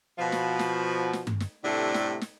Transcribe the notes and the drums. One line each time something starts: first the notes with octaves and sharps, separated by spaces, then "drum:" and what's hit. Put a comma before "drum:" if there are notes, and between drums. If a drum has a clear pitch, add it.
B2 F3
drum: snare
drum: snare
drum: snare
drum: tom G2
drum: snare
A2 C3 G3 A3 D4
drum: snare
drum: snare